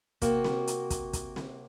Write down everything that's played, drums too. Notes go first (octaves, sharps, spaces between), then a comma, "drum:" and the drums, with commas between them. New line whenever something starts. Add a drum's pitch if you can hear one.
C3 A#3 F#4, drum: kick, hi-hat
drum: snare C4
drum: hi-hat
drum: kick, hi-hat
drum: kick, hi-hat
drum: snare C4